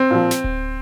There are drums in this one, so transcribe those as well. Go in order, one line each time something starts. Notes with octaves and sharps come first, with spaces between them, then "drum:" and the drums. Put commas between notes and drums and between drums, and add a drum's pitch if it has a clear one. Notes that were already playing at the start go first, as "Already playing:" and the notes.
Already playing: C4
A#2 F3
drum: snare
drum: kick D1